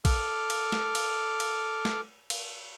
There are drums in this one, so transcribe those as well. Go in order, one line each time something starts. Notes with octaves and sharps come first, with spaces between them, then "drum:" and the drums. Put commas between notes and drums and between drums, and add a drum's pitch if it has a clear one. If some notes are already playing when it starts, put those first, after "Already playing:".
A4 D6 F6, drum: kick, cymbal
drum: cymbal
drum: snare
drum: cymbal
drum: cymbal
drum: snare
drum: cymbal